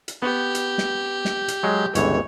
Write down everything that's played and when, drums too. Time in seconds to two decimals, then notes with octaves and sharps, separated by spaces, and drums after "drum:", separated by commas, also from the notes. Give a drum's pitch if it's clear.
0.08 drum: hi-hat
0.22 B3 G4
0.55 drum: hi-hat
0.78 drum: snare
1.25 drum: snare
1.48 drum: hi-hat
1.63 F#3 G#3
1.95 G1 C#2 E3 C#5, drum: hi-hat